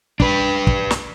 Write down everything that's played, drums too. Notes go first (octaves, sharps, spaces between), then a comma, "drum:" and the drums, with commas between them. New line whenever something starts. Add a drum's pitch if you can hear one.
D4 B4, drum: kick
drum: kick
drum: snare